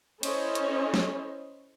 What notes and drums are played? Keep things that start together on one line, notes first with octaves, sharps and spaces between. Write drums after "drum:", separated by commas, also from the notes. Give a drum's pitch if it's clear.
C#4 E4 A4 C5 C#5 D#5, drum: cymbal
drum: hi-hat
drum: snare